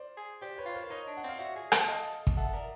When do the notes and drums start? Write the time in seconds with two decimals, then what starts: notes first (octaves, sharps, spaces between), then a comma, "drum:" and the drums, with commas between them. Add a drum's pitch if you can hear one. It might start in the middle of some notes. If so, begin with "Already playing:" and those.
Already playing: C5 D5
0.17 G#4
0.42 G4 C5 D5
0.58 B4 C#5
0.66 F4
0.74 A#4 C5
0.90 D#4 C#5 D#5
1.08 D4
1.17 F#5
1.24 C4 F5
1.39 F#4 D5 E5
1.56 G#4
1.72 A4, drum: rim click
1.88 D#5 F5
2.27 drum: kick
2.37 A4 E5 F#5
2.48 A4
2.53 A#4 D5 E5